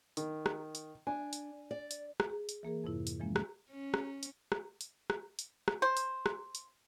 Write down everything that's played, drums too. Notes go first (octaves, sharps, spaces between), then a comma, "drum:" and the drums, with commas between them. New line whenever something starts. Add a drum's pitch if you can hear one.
D#3, drum: hi-hat
drum: rim click
drum: hi-hat
D4 G#5
drum: hi-hat
D5
drum: hi-hat
drum: rim click
G#4
drum: hi-hat
E3 A#3 G#4 A#4
F2 G#2 C3 E4
drum: hi-hat
E3 F3 G#3 A#3 C#4
drum: rim click
C#4
drum: rim click
drum: hi-hat
drum: rim click
drum: hi-hat
drum: rim click
drum: hi-hat
drum: rim click
C5
drum: hi-hat
drum: rim click
drum: hi-hat